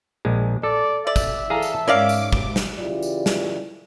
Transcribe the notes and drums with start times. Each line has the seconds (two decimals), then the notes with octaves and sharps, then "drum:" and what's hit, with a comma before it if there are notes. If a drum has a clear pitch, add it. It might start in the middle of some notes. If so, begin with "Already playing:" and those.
0.25 A#1 G#3
0.63 A4 D5
1.07 D5 E5
1.16 drum: kick, tambourine
1.50 E3 G#4 A4 F5 A#5
1.62 drum: tambourine
1.88 G#2 C#4 A#4 D5 F5 D6
2.09 drum: tambourine
2.33 drum: kick
2.56 drum: snare
2.79 C#3 E3 E4 F4 G4 D5
3.03 drum: tambourine
3.26 drum: snare